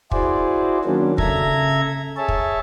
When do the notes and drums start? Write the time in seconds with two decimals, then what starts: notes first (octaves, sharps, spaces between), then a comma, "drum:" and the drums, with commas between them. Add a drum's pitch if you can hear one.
0.11 E4 F#4 G#4 C5 D5, drum: kick
0.85 D#3 F#3 A#3 C#4 D4
1.18 C#3 A4 E5 A#5 G#6, drum: kick
2.17 G#4 C#5 E5 A5
2.28 drum: kick